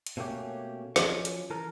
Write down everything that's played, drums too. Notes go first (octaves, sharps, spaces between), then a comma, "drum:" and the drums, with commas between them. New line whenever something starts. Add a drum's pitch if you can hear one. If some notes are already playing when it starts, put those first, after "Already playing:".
drum: hi-hat
B2 A3 A#3 C#4 G4
F3 F#3 C#4, drum: snare
drum: hi-hat
E3 A4 A#4